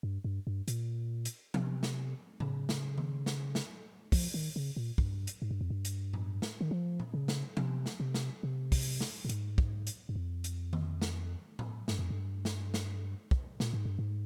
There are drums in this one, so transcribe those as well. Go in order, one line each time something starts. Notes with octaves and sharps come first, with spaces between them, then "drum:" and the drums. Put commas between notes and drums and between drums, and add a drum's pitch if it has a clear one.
G2
G2
G2
A#2, drum: hi-hat
drum: hi-hat
C3, drum: tom F3
drum: snare
C#3, drum: tom A2
drum: snare
drum: tom D#3
drum: snare
drum: snare
F3, drum: kick, open hi-hat
D#3
C#3
A#2
G2, drum: kick
drum: hi-hat
G#2
G2
F2
G2
drum: hi-hat
drum: tom A2
drum: snare
D#3
F3
drum: tom A#2
C#3
drum: snare
C3, drum: tom F3
drum: snare
C3
drum: snare
C3
drum: kick, open hi-hat
drum: snare
A#2
G#2, drum: hi-hat
drum: kick
drum: hi-hat
G2
F2
drum: hi-hat
drum: tom D#3
drum: snare
drum: tom A2
G2, drum: snare
F2
G2
drum: snare
drum: snare
drum: kick
A#2, drum: snare
G#2
G2
G#2